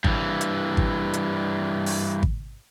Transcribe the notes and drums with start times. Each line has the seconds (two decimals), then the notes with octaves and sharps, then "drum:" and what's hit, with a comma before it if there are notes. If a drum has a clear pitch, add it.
0.04 G2 E3, drum: kick G#1
0.41 drum: hi-hat
0.77 drum: kick G#1
1.13 drum: hi-hat
1.86 drum: open hi-hat
2.23 drum: kick G#1